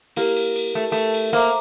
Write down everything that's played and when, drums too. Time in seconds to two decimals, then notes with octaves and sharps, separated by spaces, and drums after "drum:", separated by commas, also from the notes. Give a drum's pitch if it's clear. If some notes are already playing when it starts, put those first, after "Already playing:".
0.16 A#3 E4 G4 A#4, drum: cymbal
0.36 drum: cymbal
0.56 drum: cymbal
0.75 A3
0.92 A3, drum: cymbal
1.14 drum: cymbal
1.33 A#3 C5 E5 A#5 D6, drum: cymbal